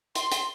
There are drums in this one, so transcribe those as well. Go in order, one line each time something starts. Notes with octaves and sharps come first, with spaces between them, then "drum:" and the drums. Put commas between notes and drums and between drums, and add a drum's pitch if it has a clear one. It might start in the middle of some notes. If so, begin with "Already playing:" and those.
C6, drum: hi-hat
C6, drum: hi-hat